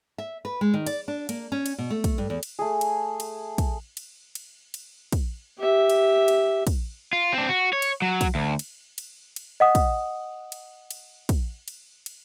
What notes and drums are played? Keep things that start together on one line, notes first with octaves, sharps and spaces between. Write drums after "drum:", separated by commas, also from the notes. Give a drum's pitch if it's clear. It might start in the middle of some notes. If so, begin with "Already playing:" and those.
E5
B4
G#3
D#3
D5, drum: cymbal
D4
A#3, drum: cymbal
C#4
drum: cymbal
B2
A3
drum: kick, cymbal
G2
E2
drum: cymbal
A3 G#4
drum: cymbal
drum: cymbal
drum: kick, cymbal
drum: cymbal
drum: cymbal
drum: cymbal
drum: kick, cymbal
G4 E5
drum: cymbal
drum: cymbal
drum: kick, cymbal
F4
C4 D4
F#4
C#5
drum: cymbal
F#3
drum: kick, cymbal
D2
drum: cymbal
drum: cymbal
drum: cymbal
D#5 F#5 D#6
drum: kick, cymbal
drum: cymbal
drum: cymbal
drum: kick, cymbal
drum: cymbal
drum: cymbal